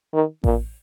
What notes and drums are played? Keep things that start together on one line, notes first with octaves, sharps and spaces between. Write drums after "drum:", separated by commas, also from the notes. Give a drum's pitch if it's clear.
D#3
A#2, drum: kick A1